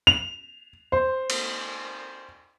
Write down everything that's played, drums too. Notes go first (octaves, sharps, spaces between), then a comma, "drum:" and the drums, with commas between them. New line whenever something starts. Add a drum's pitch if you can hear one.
F7
C5
drum: cymbal